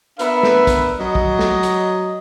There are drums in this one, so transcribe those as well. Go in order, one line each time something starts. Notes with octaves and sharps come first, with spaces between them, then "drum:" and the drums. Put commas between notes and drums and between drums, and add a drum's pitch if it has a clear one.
B3 D4 A#4 B4 E5, drum: hi-hat
drum: snare
drum: kick, hi-hat
F#3 D#5
drum: kick
drum: snare
drum: hi-hat